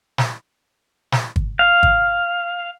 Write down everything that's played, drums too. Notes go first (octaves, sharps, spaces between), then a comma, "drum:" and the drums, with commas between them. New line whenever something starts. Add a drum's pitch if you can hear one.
drum: snare
drum: snare
drum: kick
F5
drum: kick